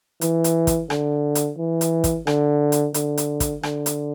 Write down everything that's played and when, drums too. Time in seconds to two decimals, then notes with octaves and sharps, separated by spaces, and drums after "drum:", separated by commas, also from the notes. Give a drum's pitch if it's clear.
0.21 E3, drum: hi-hat
0.44 drum: hi-hat
0.67 drum: kick, hi-hat
0.90 D3, drum: rim click
1.35 drum: hi-hat
1.58 E3
1.81 drum: hi-hat
2.04 drum: kick, hi-hat
2.27 D3, drum: rim click
2.72 drum: hi-hat
2.94 D3, drum: hi-hat
3.18 drum: hi-hat
3.40 drum: kick, hi-hat
3.63 D3, drum: rim click
3.86 drum: hi-hat